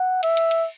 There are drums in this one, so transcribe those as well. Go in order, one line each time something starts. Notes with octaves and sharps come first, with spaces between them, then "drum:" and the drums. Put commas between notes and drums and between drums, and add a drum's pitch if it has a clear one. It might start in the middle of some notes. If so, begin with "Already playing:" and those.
Already playing: F#5
E5, drum: cymbal
drum: cymbal
drum: cymbal